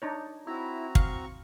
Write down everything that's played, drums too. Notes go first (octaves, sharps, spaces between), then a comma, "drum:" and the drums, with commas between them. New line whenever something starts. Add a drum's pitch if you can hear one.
D4 D#4 C#5
C4 E4 F#4 A#5
F5 C#6, drum: kick